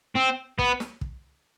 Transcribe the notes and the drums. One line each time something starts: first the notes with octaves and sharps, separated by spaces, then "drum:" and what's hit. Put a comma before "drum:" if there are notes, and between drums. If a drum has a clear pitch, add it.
C4
B3, drum: kick
drum: snare
drum: kick